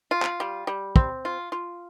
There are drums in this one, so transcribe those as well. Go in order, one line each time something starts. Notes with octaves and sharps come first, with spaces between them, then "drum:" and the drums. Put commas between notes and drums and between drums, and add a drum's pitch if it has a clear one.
F4
drum: clap
G3
G3
C4, drum: kick
F4
F4